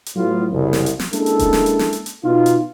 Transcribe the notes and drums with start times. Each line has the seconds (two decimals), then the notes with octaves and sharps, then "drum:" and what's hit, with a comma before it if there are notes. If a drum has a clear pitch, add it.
0.06 drum: hi-hat
0.16 A2 F#3 B3 F4
0.51 F#1 C2
0.73 drum: snare
0.86 drum: hi-hat
0.99 drum: snare
1.13 G#3 A#3 C#4 D4 E4 A4, drum: hi-hat
1.26 drum: hi-hat
1.39 drum: kick D#1, hi-hat
1.53 drum: snare
1.66 drum: hi-hat
1.79 drum: snare
1.93 drum: hi-hat
2.06 drum: hi-hat
2.24 B2 D#4 F4
2.46 drum: hi-hat